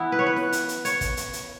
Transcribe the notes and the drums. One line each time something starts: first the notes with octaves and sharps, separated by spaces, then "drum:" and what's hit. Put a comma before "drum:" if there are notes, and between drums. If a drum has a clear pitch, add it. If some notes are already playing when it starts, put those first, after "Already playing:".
Already playing: E3 B3 E4
B4
C#5
B4
drum: snare
drum: hi-hat
drum: hi-hat
C#5, drum: hi-hat
drum: kick, hi-hat
drum: hi-hat
drum: hi-hat